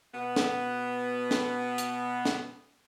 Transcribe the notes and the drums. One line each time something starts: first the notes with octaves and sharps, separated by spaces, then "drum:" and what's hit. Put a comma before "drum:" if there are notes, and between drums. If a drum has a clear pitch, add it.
B2 B3
drum: snare
drum: snare
drum: hi-hat
drum: snare